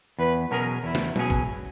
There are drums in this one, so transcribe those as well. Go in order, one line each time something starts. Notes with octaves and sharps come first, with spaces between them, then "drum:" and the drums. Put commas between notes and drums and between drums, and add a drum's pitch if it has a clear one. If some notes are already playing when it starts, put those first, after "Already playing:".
E2 B4
B2 F#3 C#4 G#4 A#4
E2 E4
drum: snare
B2 F#3 C#4 G#4, drum: tom F#3
drum: kick